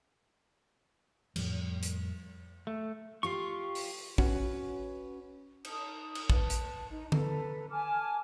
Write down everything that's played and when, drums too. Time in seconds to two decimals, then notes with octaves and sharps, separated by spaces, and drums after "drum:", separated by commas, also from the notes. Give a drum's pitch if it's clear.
1.36 F2 A2 F3 G3, drum: cymbal
1.83 drum: hi-hat
2.67 A3
3.23 F4 G4 C6 C#6
3.75 drum: open hi-hat
4.18 C#4 F#4 B4, drum: kick
5.64 D#4 A5 D#6, drum: cymbal
6.15 drum: cymbal
6.30 B4 A5, drum: kick
6.50 drum: hi-hat
6.90 D#4
7.12 A4 B4 A#5, drum: tom D3
7.70 G#5 A5 D6 F6